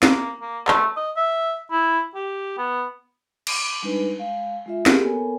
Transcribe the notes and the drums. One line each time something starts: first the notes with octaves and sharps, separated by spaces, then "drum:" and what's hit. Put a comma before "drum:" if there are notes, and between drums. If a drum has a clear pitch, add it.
A#3, drum: snare
A#3
A3, drum: clap
D#5
E5
E4
G4
B3
D6, drum: cymbal
G3 G#3 D4 D#4 B4
G#3 F5
G#3 F4 E5
A#3 G4 G#4 A#4, drum: snare
B3 A4 A#4 C#5 G5 G#5